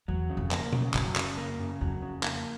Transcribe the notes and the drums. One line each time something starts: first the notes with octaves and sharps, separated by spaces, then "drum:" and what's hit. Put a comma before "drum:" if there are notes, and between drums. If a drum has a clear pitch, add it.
E2 F#3
C#3
F2
A#3, drum: clap
C#3, drum: tom B2
F#2 F#3, drum: clap
C#3, drum: clap
A#3
C#3
F2 F#3
C#3
A#3, drum: clap